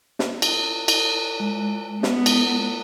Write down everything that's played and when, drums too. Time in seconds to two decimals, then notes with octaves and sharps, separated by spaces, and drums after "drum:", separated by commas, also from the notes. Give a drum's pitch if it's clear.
0.19 drum: snare
0.42 drum: cymbal
0.88 drum: cymbal
1.40 G#3
2.03 B3, drum: snare
2.26 drum: cymbal